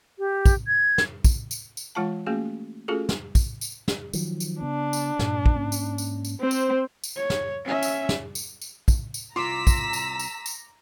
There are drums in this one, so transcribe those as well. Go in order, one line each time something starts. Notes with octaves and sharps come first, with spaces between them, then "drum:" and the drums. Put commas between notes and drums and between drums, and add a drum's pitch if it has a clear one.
G4
drum: kick, tambourine
G#6
drum: snare
drum: kick, tambourine
drum: tambourine
drum: tambourine
E3 G#3 F4 F#5 A5
A3 A#3 C#4 F#4 G#4
A3 C#4 F4 F#4 G#4 A4
drum: snare
drum: kick, tambourine
drum: tambourine
drum: snare
D#3 F3 F#3, drum: tambourine
drum: tambourine
C#3 B3 D4
drum: tambourine
G2 A#2, drum: snare
drum: kick
G#2 A#3 C#4
drum: tambourine
drum: tambourine
drum: tambourine
C4 C5
drum: tambourine
drum: tambourine
C#5
drum: snare
C#4 E5
drum: tambourine
drum: snare
drum: tambourine
drum: tambourine
drum: kick, tambourine
drum: tambourine
C2 F4 A#5 C6 D6 E6 B6
drum: kick, tambourine
drum: tambourine
drum: tambourine
drum: tambourine